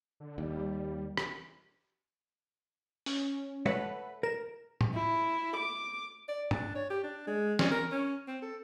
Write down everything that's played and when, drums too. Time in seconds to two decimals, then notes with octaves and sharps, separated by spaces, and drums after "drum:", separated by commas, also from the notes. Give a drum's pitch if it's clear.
0.20 D3
0.38 D#2 G3
1.17 drum: rim click
3.06 C#4, drum: open hi-hat
3.66 A4 B4 C#5 E5 F#5, drum: tom
4.23 A#4 E7
4.81 drum: tom A2
4.95 E4
5.57 D6
6.28 D5
6.51 D4, drum: tom
6.75 C#5
6.90 G4
7.03 D4
7.27 G#3
7.59 C#4, drum: snare
7.71 A#4
7.92 C#4
8.27 C4
8.42 A4